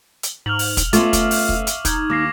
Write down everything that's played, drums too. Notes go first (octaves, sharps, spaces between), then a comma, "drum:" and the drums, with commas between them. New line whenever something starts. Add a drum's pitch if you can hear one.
drum: hi-hat
G#2 F6 F7 F#7
drum: open hi-hat
drum: kick, hi-hat
A3 B3 C#4 F4 E5 F5 C#6 D6, drum: hi-hat
drum: kick, hi-hat
drum: open hi-hat
drum: kick
drum: hi-hat
D#4 D#6 G#6, drum: kick, hi-hat
D#2 A#3 D6 A#6 C7